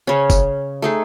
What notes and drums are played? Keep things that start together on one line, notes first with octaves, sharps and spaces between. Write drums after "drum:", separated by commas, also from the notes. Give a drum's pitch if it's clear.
C#3 C#4
drum: kick, tambourine
A3 D#4 G#4